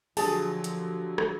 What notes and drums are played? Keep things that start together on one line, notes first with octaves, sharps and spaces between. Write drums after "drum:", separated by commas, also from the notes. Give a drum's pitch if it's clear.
D3 F3 F#3 G4 G#4 A5, drum: open hi-hat
drum: hi-hat
drum: rim click